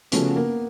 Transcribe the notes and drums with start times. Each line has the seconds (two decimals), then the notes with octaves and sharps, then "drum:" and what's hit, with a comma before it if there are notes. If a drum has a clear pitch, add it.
0.12 C#3 F3 A3 B3 C#4 F#4, drum: hi-hat
0.36 A#3